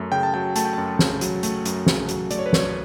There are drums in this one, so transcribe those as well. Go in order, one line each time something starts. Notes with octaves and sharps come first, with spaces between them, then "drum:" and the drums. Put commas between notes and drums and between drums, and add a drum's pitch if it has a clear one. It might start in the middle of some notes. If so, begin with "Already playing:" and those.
Already playing: F#2 A3
C#3 G5
A5
F#3 G5
A3 A5, drum: hi-hat
G5
F#2 A5
C#3, drum: snare
F#3, drum: hi-hat
A3, drum: hi-hat
F#2, drum: hi-hat
C#3, drum: snare
F#3, drum: hi-hat
A3 D5, drum: hi-hat
C#5
B4
F#2 C#5, drum: snare